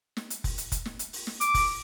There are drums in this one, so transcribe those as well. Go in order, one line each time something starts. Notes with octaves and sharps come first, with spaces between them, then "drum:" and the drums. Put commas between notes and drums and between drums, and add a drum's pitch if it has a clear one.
drum: snare
drum: hi-hat
drum: kick F1, open hi-hat
drum: hi-hat
drum: kick F1, hi-hat
drum: snare
drum: hi-hat
drum: open hi-hat
drum: snare
D6, drum: hi-hat
drum: kick F1, open hi-hat